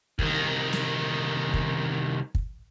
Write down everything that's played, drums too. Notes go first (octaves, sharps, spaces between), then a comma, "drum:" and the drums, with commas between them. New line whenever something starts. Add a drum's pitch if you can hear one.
C2 D#3, drum: kick
drum: snare
drum: kick
drum: kick